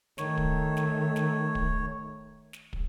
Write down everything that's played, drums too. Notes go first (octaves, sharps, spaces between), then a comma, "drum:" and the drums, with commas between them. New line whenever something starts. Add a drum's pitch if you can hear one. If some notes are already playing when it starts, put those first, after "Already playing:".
D#3 A3 C#5, drum: snare
drum: kick
drum: snare
drum: snare
drum: kick
drum: snare
drum: kick